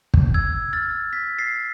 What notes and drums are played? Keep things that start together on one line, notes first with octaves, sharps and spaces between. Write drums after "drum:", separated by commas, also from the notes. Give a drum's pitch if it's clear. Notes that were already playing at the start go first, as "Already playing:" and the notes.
drum: kick
E6 G#6
F6 A6
G#6 B6
A6 C7